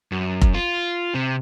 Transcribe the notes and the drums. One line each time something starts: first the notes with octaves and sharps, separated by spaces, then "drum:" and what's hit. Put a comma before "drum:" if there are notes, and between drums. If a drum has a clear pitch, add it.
F#2
drum: kick F1
F4
C3